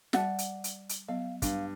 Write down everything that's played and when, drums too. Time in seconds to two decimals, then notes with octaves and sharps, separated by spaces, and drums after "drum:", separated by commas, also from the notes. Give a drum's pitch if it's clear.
0.13 G3 D5 F#5 A5, drum: snare
0.38 drum: hi-hat
0.64 drum: hi-hat
0.89 drum: hi-hat
1.08 F#3 B3 D#5 F5
1.42 G2 F5, drum: kick, hi-hat